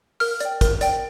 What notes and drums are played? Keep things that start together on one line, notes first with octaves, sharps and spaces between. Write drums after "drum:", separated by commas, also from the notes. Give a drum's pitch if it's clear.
A#4 F6, drum: open hi-hat
D5 G5, drum: hi-hat
A#4, drum: kick, hi-hat
D5 G5, drum: hi-hat